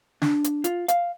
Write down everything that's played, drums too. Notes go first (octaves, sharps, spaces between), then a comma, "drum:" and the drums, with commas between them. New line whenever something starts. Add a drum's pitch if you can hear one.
D4, drum: snare
drum: hi-hat
F4, drum: hi-hat
F5, drum: hi-hat